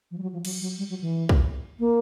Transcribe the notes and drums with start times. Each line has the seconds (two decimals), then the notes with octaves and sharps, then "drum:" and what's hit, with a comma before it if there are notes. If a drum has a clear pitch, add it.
0.11 F3
0.18 G3
0.22 F#3
0.33 F3
0.45 F#3, drum: cymbal
0.61 F#3
0.78 G3
0.89 F#3
1.01 E3
1.29 drum: kick
1.79 A#3